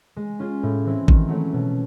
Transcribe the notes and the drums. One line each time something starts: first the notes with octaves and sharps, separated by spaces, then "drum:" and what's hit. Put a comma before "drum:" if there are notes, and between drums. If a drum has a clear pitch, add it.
G#3
C#4 F4 G#4
A2
E3 G#3 C4 E4
D#3, drum: kick
F#3 A3 C#4 E4
B2